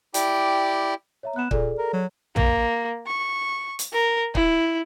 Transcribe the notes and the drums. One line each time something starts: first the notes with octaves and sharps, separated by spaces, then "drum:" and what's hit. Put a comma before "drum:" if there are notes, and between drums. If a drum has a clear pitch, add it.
E4 G4 D5 G5, drum: hi-hat
C#5 E5 A#5
B3 F#6 E7
A#2 G#4 A4 D5, drum: kick
A#4
F#3
A#3, drum: tom
C#6
drum: hi-hat
A#4
E4, drum: kick